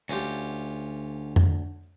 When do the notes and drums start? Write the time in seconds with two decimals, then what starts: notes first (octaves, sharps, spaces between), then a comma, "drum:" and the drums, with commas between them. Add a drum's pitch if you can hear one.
0.09 D2 C#4 F4 G4
1.36 drum: tom F2